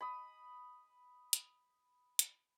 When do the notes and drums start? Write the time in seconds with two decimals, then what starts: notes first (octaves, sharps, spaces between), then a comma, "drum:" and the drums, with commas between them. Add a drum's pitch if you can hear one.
0.01 B5 D#6
1.33 drum: hi-hat
2.19 drum: hi-hat